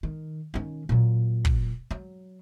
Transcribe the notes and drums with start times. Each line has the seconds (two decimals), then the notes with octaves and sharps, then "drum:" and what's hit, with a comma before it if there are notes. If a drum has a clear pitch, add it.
0.03 D#3
0.54 D#3 C#4
0.89 A#2 F#3
1.45 drum: kick
1.91 F#3